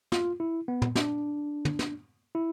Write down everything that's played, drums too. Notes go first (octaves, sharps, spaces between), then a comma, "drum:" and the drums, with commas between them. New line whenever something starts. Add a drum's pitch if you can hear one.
F4, drum: snare
E4
B3
drum: tom
D4, drum: snare
drum: tom
drum: snare
E4